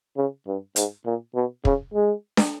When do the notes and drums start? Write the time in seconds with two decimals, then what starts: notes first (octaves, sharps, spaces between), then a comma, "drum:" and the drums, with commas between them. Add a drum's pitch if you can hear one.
0.17 C#3
0.47 G2
0.76 G#2, drum: hi-hat
1.06 A#2
1.35 B2
1.65 C#3, drum: kick
1.94 G#3
2.37 drum: snare